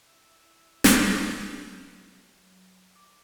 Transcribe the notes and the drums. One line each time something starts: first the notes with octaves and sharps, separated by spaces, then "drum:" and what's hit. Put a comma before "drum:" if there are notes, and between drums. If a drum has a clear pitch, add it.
E4
drum: snare
E5
F#3
D6